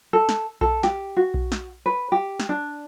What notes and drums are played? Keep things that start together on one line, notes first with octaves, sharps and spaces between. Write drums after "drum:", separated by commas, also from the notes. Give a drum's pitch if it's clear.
A4
drum: snare
A4, drum: kick B1
G4, drum: snare
F#4
drum: kick B1
drum: snare
B4
G4
drum: snare
D4